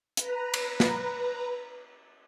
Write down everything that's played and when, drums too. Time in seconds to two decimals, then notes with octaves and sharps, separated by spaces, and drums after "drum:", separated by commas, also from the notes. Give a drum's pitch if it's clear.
0.17 B4 A#5, drum: hi-hat
0.54 drum: cymbal
0.80 drum: snare